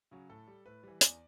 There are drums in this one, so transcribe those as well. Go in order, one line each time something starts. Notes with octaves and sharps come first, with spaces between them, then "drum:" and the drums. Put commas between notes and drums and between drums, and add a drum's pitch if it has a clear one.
C#3 F#3
A2 A4
G3
A2 B4
E3 G3
E2 D5, drum: hi-hat